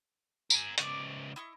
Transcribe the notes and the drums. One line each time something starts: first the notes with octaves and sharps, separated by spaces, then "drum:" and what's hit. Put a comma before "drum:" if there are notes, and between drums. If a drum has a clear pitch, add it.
A#4 G#5, drum: tambourine
C#2 D5 C#6 D6, drum: hi-hat
E4 D#5 C#6